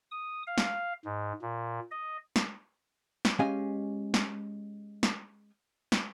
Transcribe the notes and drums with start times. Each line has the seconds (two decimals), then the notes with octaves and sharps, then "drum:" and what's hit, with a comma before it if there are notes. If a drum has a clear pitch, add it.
0.11 D#6
0.47 F5
0.58 drum: snare
1.05 G#2
1.42 A#2
1.91 D#5
2.36 drum: snare
3.25 drum: snare
3.39 G#3 C#4 G4 D#5 F5 G#5
4.14 drum: snare
5.03 drum: snare
5.92 drum: snare